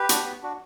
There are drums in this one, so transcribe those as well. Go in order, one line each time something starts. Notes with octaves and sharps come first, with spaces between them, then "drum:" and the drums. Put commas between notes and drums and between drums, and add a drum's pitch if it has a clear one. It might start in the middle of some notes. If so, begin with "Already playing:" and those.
Already playing: G4 B4
D4 F#4, drum: hi-hat
B3
D4 F#4